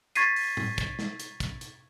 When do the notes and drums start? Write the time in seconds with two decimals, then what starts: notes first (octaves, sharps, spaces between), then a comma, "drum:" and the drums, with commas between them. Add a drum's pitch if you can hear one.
0.15 C#6 G#6 A6 B6 C7 D#7, drum: hi-hat
0.36 drum: open hi-hat
0.57 drum: tom A2
0.78 drum: kick, hi-hat
0.99 drum: snare
1.20 drum: hi-hat
1.40 drum: kick, hi-hat
1.61 drum: hi-hat